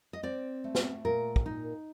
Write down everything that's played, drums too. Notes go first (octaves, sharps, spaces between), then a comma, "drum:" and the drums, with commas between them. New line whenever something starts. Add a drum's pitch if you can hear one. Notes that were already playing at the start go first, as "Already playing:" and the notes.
D#5
C4 D5
A3
drum: snare
A#2 A#4
drum: kick
D#4